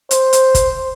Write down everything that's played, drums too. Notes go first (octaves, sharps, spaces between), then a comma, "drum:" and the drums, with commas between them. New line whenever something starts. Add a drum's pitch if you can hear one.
C5, drum: hi-hat
drum: hi-hat
drum: kick, hi-hat